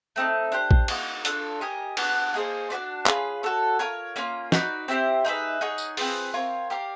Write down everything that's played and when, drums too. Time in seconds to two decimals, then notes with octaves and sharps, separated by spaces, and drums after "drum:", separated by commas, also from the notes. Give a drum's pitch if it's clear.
0.16 A3 C4 D#4
0.52 D4 G4 C5
0.71 drum: kick A#1
0.88 A#3 D#4 F#4, drum: cymbal
1.25 D4 F4 A4, drum: hi-hat
1.61 G4 A#4 D#5 G#5
1.97 B3 D4 F#4 B4, drum: cymbal
2.34 A#3 D#4 G#4 C5
2.70 D4 F#4 B4 D5
3.06 C#4 F4 G#4 B4, drum: clap
3.43 F#4 A4 C#5
3.79 F4 A#4 C#5
4.16 A#3 C#4 F4
4.52 D#4 F#4 B4 D5, drum: snare
4.88 C4 E4 G4 C5
5.25 D#4 G#4 B4 E5
5.61 D#4 G#4 C#5 F#5
5.78 drum: tambourine
5.97 C4 F4 G#4 B4, drum: open hi-hat
6.34 C4 F4 A#4 C#5
6.70 G4 A#4 D5 F5